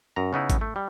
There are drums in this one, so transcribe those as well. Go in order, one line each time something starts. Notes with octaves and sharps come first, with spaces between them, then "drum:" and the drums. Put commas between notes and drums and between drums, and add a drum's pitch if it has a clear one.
F#2 A#5
C#3 B3 D#4 E4
drum: kick G#1, hi-hat
A3
G3